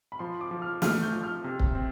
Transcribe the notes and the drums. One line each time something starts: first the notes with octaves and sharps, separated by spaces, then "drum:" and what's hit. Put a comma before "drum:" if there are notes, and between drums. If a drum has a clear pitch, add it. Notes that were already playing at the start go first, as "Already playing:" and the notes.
B5
F3 C6
D6
F3
F6
A3 F6, drum: snare
G6
F3
F6
C3
drum: kick C#1
C4